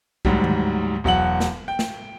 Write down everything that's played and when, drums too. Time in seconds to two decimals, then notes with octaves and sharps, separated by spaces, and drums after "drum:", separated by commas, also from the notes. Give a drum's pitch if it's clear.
0.25 D2 G#2 F#3 G3, drum: kick B1
0.44 drum: tom D#3
1.04 E1 F#3 F#5 F#7
1.40 drum: snare
1.68 G5
1.79 drum: snare